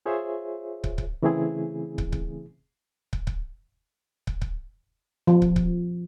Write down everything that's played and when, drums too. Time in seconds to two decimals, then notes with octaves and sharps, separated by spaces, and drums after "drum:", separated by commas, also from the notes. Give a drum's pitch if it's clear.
0.06 F4 G#4 C5 C#5 E5
0.84 drum: kick
0.98 drum: kick
1.22 C#3 E3 A3 C4 E4 G#4
1.98 drum: kick
2.12 drum: kick
3.13 drum: kick
3.27 drum: kick
4.27 drum: kick
4.42 drum: kick
5.27 F3
5.42 drum: kick
5.56 drum: kick